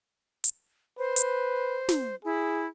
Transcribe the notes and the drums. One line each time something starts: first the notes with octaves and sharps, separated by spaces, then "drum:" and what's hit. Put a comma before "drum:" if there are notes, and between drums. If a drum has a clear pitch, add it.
drum: hi-hat
B4 C5
drum: hi-hat
drum: snare
E4 G#4